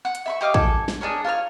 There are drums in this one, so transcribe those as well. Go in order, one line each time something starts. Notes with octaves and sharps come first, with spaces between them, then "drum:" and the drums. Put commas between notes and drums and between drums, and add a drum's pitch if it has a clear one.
F#5
drum: hi-hat
E5 B5 C#6
G4 D#5 F5 D6
A4 G#5 D6, drum: kick
drum: snare
D4 G#4 A#4 C#5
F4 A#4 C#5 F6